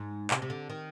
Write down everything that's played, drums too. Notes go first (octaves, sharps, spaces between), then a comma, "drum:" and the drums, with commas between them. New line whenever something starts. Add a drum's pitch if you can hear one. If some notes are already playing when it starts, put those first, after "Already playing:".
Already playing: G#2
C3, drum: clap
C3
D3
D#3